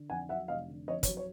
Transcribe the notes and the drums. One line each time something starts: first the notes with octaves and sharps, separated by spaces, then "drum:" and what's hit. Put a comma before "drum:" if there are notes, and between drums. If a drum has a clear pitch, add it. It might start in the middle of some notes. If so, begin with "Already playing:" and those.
Already playing: D3
F2 F#5 G#5
F#3 E5 F#5
F1 D#5 F5
D3
F2 C#5 D#5
C#5, drum: kick, hi-hat
F#3
C#5